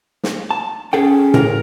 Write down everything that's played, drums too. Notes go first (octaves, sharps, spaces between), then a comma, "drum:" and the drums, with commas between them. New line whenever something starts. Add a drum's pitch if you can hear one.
drum: snare
A5
C#4 G#4 A4 G5
A#4, drum: tom A2